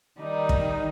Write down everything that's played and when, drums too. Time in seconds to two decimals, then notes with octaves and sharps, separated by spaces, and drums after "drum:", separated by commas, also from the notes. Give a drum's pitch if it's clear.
0.19 D#3 G3 D#4
0.49 drum: kick